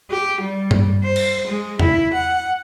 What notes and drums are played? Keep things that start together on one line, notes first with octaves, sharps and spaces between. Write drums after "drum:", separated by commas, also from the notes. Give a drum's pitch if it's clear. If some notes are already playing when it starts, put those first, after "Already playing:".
G4
G3
drum: tom G2
C5
drum: cymbal
G#3
E4, drum: tom E2
F#5